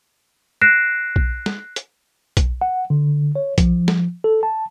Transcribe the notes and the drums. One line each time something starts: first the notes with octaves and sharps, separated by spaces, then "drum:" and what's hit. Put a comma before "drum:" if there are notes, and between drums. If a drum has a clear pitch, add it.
F#6 A#6 C7 D7 E7
drum: kick B1
drum: snare
drum: hi-hat
drum: kick B1, hi-hat
F#5
D3
C#5
F3, drum: kick B1, hi-hat
drum: snare
A4
A5